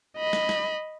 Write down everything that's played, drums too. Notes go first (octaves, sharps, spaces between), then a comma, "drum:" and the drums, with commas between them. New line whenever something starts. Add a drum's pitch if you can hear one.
D#5 B5
drum: snare
drum: snare